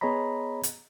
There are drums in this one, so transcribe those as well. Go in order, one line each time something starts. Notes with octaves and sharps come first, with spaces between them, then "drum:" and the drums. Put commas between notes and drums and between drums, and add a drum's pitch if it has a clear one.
B3 G#4 C#5 D#5 A#5 B5
drum: hi-hat